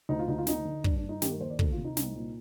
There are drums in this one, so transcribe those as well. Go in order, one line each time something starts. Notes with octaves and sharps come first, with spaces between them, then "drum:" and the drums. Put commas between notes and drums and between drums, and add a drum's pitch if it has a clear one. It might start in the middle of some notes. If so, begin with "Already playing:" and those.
D2 D#4
F4
D2 D#4
F4
D3 D#4, drum: snare
D3
G2 D4, drum: kick
D4
G2
D#4
D#3 G4, drum: snare
A#4
D#2 C5
D5
D2 A4, drum: kick
F4
C3
D#4
C2, drum: snare
A#2